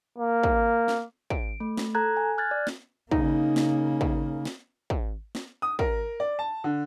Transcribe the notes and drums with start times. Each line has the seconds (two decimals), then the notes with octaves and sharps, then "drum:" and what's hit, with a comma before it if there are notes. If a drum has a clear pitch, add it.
0.18 A#3
0.43 drum: kick
0.88 drum: snare
1.30 D7, drum: kick
1.60 A3
1.77 drum: snare
1.95 A4 A#5 F#6 G#6
2.17 G#5
2.38 F6 F#6 G#6 A6
2.51 D5
2.67 drum: snare
3.11 C#3 A#3 D#4, drum: kick
3.56 drum: snare
4.01 drum: kick
4.45 drum: snare
4.90 drum: kick
5.35 drum: snare
5.62 D#6
5.79 A#4, drum: kick
6.20 D5
6.39 A5
6.64 D3